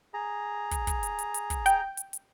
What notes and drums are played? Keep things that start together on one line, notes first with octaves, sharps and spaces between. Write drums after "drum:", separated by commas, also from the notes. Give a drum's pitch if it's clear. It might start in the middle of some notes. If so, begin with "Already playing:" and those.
G#4 A#5
drum: kick, hi-hat
drum: kick, hi-hat
drum: hi-hat
drum: hi-hat
drum: hi-hat
drum: kick, hi-hat
G5, drum: hi-hat
drum: hi-hat
drum: hi-hat